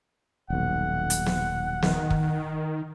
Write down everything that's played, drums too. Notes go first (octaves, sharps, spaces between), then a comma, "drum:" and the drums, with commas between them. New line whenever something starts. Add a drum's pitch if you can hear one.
D#1 B1 F#5
drum: hi-hat
drum: snare
D#3, drum: snare
drum: kick